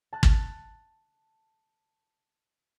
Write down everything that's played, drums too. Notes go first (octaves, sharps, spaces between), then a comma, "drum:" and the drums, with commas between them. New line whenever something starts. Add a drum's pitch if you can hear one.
A5 F#6
drum: kick